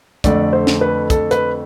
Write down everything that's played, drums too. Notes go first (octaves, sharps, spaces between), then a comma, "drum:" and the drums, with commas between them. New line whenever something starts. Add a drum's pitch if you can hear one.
F2 D3 A3 D5, drum: kick, hi-hat
C5
drum: snare
B4
A4, drum: kick, hi-hat
B4, drum: hi-hat